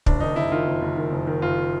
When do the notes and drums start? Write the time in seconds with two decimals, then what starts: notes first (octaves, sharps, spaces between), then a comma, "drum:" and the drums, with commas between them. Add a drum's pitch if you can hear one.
0.06 F#1 D4, drum: kick
0.20 D#3 D#4
0.36 F#1 E4
0.52 D#3 F4
0.67 F#1
0.81 F#1
0.97 D#3
1.12 F#1
1.27 D#3
1.42 F#1 F4